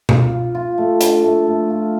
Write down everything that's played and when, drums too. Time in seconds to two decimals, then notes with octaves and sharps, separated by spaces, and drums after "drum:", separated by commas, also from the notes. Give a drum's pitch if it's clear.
0.09 F4, drum: tom B2
0.31 F4
0.55 F4
0.78 A3
1.01 D4, drum: hi-hat
1.24 A3
1.47 A3
1.70 F4